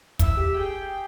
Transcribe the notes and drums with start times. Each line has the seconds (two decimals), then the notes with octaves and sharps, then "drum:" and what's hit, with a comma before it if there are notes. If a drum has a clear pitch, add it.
0.19 E4 E5, drum: kick, hi-hat
0.37 G4
0.56 G#4 G5